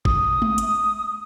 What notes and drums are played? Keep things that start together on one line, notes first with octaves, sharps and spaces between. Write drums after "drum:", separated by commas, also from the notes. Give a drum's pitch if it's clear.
D#6, drum: kick
drum: tom G#3
drum: hi-hat